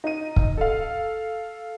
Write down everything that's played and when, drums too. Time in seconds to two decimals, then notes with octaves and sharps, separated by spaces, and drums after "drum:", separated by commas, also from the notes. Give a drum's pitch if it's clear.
0.04 D#4 D#7
0.36 drum: kick
0.57 A4 F5